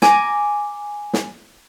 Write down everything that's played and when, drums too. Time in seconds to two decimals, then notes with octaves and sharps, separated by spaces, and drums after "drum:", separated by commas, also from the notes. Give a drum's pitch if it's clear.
0.02 G#5 A#5 D6, drum: snare
1.13 drum: snare